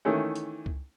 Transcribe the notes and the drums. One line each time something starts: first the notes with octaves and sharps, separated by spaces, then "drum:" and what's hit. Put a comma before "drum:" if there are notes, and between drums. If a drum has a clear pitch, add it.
D#3 E3 A3 C#4
drum: hi-hat
drum: kick C#2